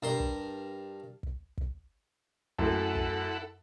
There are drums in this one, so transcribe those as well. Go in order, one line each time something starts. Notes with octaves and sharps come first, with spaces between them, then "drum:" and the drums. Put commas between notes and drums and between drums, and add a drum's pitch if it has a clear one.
G2 A#4 C6
drum: kick
drum: kick
drum: kick
F#2 A2 A3 E4 A4 F#5, drum: kick
drum: kick